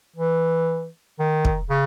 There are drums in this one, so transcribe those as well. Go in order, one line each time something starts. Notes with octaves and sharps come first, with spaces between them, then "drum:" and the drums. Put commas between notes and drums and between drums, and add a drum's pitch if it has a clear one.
E3
D#3
drum: kick
C#3